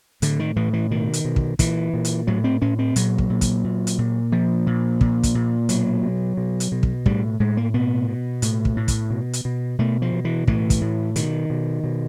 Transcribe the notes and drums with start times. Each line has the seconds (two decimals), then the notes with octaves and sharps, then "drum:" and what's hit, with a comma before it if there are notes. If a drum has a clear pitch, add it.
0.22 A2 D3, drum: hi-hat
0.39 D#3
0.56 A2 E3
0.73 E3
0.91 B2 D#3
1.13 drum: hi-hat
1.25 B2
1.36 drum: kick
1.59 A#2 E3, drum: kick, hi-hat
1.93 A#2
2.05 drum: hi-hat
2.27 A2 F#3
2.44 C4
2.62 A2 C#4
2.79 C4
2.96 A#2 F#3, drum: hi-hat
3.18 drum: kick
3.30 A#2
3.41 drum: kick, hi-hat
3.64 A#2
3.87 drum: hi-hat
3.98 A#2
4.32 A#2 F3
4.67 A#2
5.01 A#2, drum: kick
5.23 drum: kick, hi-hat
5.35 A#2
5.69 B2 F#3, drum: hi-hat
6.03 B2
6.37 B2
6.60 drum: hi-hat
6.72 B2
6.83 drum: kick
7.06 A2 G3, drum: kick
7.40 A2 G#3
7.57 A#3
7.74 B2 B3
8.08 B2
8.42 A2, drum: hi-hat
8.65 drum: kick
8.76 A2
8.88 drum: kick, hi-hat
9.10 B2
9.33 drum: hi-hat
9.45 B2
9.79 B2 A3
10.02 F3
10.13 B2
10.25 E3
10.48 A2 E3, drum: kick
10.70 drum: kick, hi-hat
10.81 A2
11.16 B2 D#3, drum: hi-hat
11.50 B2
11.84 B2